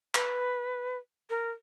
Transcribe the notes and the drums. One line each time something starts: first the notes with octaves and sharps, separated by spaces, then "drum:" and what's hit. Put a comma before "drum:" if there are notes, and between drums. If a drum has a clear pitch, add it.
B4, drum: clap
A#4